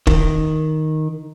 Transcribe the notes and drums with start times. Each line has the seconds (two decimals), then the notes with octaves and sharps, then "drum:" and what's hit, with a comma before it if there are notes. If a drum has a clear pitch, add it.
0.07 D#3, drum: kick